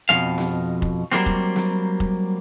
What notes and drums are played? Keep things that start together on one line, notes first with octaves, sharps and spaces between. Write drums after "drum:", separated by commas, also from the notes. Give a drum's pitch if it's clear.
F2 B2 D#3 G#3 F5
drum: snare
drum: kick F1
F#3 G3 A#3 C4, drum: snare
drum: kick F1
drum: snare
drum: kick F1